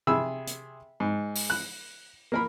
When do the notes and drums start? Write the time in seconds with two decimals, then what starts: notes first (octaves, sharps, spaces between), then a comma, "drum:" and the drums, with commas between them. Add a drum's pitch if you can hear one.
0.07 C3 G#4 B5 E6
0.47 drum: hi-hat
1.00 G#2
1.35 drum: open hi-hat
1.50 F#6
2.32 A#3 A#4 B5